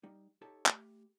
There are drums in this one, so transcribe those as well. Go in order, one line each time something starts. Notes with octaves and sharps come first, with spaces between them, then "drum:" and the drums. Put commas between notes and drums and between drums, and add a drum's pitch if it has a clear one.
G3 D#4
D#4 G4 A4 C#5 A5
A3 G4, drum: clap